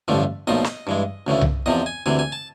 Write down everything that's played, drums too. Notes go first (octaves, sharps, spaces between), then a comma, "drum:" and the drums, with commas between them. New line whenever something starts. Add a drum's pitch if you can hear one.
A1 G2 D3 F3 A3
B1 A#2 F3 A3 D#5
drum: snare
G2 E3 G#3
D2 C#3 E3 A3
drum: tom C2
E2 C3 F3 D#5
G#5
D2 C3 E3 G#5
G#5
A5